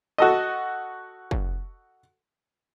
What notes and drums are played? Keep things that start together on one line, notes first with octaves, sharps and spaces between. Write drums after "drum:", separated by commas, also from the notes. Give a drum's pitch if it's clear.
F#4 A4 D#5
drum: kick